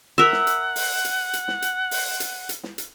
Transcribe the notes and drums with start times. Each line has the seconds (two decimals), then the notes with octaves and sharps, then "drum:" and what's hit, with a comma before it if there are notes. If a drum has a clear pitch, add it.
0.18 A#4 E5 F#5
0.32 drum: snare
0.47 drum: hi-hat
0.76 drum: open hi-hat
1.05 drum: hi-hat
1.33 drum: hi-hat
1.48 drum: snare
1.62 drum: hi-hat
1.91 drum: open hi-hat
2.20 drum: hi-hat
2.49 drum: hi-hat
2.63 drum: snare
2.78 drum: hi-hat